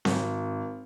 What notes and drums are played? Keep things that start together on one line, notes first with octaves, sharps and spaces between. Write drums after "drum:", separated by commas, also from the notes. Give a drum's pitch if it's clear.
G#1, drum: snare C4